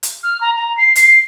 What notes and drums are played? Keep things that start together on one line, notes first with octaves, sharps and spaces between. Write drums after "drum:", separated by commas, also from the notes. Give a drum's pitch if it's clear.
drum: hi-hat
F6
A#5
A#5
C7
C7, drum: hi-hat